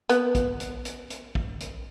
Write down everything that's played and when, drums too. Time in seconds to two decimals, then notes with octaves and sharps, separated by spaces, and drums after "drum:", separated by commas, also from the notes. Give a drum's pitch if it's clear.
0.09 B3, drum: hi-hat
0.35 drum: kick, hi-hat
0.60 drum: hi-hat
0.85 drum: hi-hat
1.10 drum: hi-hat
1.35 drum: kick
1.60 drum: hi-hat